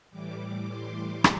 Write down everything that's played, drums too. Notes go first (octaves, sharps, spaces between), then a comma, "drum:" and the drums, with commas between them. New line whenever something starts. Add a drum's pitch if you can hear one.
A2 E3 G3 D6
C6
drum: rim click